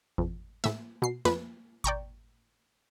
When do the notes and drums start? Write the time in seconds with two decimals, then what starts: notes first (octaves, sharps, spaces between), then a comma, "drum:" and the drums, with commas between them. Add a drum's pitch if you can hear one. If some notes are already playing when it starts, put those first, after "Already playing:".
0.18 F2, drum: kick G#1
0.64 A2 E5, drum: snare
1.02 B2 C7
1.25 F2 B4, drum: snare
1.84 D5 G5 A#5 C#6, drum: kick G#1